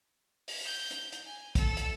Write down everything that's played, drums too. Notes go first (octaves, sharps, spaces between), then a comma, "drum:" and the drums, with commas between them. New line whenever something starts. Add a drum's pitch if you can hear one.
drum: open hi-hat
G6
drum: hi-hat
drum: hi-hat
G#5
A4, drum: kick, hi-hat
drum: hi-hat